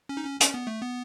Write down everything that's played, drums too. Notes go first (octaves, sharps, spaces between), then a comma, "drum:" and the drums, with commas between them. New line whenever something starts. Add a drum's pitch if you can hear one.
C#4
D#4
C#4
C#4, drum: hi-hat
B3
A3
B3